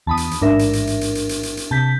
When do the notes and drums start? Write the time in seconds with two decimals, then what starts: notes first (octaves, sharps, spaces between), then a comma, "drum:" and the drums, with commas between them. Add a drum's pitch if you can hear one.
0.07 E2 A5 B5 D#6
0.17 drum: hi-hat
0.31 drum: hi-hat
0.42 A1 G#2 D4 A#4 E5
0.59 drum: hi-hat
0.73 drum: hi-hat
0.87 drum: hi-hat
1.01 drum: hi-hat
1.15 drum: hi-hat
1.29 drum: hi-hat
1.43 drum: hi-hat
1.57 drum: hi-hat
1.71 C3 A5 G6 B6